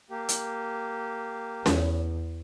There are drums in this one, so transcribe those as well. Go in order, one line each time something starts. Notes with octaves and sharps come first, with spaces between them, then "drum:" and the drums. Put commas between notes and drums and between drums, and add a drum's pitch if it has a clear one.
A#3 G4
drum: hi-hat
E2, drum: snare C#4